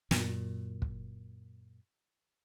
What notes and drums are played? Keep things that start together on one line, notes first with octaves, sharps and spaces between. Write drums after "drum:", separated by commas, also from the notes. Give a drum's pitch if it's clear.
F#2 A#2, drum: snare
drum: kick